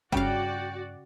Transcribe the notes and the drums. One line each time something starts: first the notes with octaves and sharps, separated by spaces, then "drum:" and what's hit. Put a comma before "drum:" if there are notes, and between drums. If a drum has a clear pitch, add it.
G2 C#3 F#4 D5 F5 G5, drum: kick